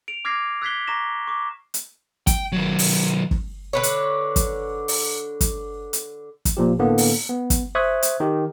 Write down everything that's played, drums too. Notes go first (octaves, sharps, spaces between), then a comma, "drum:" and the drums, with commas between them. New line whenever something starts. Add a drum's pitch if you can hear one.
D7 F7
D6 F6 G#6 A#6 C7
E6 F#6 G#6 B6 C7 G7
A#5 C#6 D6 A#6 E7
C#6 D6
drum: hi-hat
G5, drum: kick, hi-hat
D#3 F#3
drum: open hi-hat
drum: kick
D3 B4 C#5
drum: hi-hat
drum: kick, hi-hat
drum: open hi-hat
drum: kick, hi-hat
drum: hi-hat
drum: kick, hi-hat
A#2 F3 G4
A2 D3 A#3 B3
drum: open hi-hat
B3
drum: kick, hi-hat
C5 E5 C#6 D#6 F#6 G#6
drum: hi-hat
D#3 G4